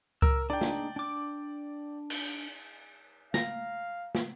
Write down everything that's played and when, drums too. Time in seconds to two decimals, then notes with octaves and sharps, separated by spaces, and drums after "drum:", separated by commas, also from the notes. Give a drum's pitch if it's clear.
0.22 A#4 E6, drum: kick C#2
0.50 D4 D#4 G#4 D5 G5
0.61 drum: snare
0.96 D4 D6
2.10 drum: cymbal
3.34 F5 A#5, drum: snare
4.15 drum: snare